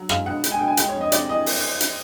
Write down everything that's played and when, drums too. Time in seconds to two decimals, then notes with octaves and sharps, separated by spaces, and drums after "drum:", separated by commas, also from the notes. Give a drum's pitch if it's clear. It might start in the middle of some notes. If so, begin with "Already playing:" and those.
Already playing: F#3
0.09 G#3 F5, drum: rim click
0.26 B2 F#5
0.44 G#3, drum: hi-hat
0.52 G#5
0.59 B2 G5
0.68 G#5
0.77 G#3 G5, drum: hi-hat
0.89 C#5
0.95 F2
1.01 D#5
1.12 C3 D5, drum: hi-hat
1.29 E3 D#5
1.46 drum: open hi-hat
1.81 drum: hi-hat